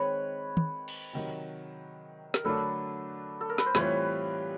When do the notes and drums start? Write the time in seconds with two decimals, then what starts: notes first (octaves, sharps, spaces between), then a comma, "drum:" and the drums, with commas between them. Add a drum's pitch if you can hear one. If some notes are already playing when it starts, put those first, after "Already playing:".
Already playing: D#3 G#3 C4 B4 C#5
0.57 drum: tom
0.88 drum: cymbal
1.13 C3 D#3 F#3
2.34 A#4, drum: snare
2.44 D3 F#3 A3 D4 A4 B4
3.41 A4
3.50 A#4
3.58 B4, drum: snare
3.66 C5
3.75 A2 E3 G3 C4 F4 B4 C#5, drum: snare